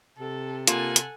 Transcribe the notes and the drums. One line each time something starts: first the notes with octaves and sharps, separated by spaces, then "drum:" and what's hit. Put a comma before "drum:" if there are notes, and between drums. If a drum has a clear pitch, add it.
C3 A4
A#3 F4 A4 F#5 G#5, drum: hi-hat
drum: hi-hat